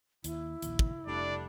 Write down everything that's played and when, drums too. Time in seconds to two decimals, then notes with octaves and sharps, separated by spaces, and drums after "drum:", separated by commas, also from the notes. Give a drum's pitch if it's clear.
0.24 D#2 E4, drum: hi-hat
0.62 A#1 D#2, drum: hi-hat
0.79 drum: kick
1.07 F1 G3 A3 D4 D5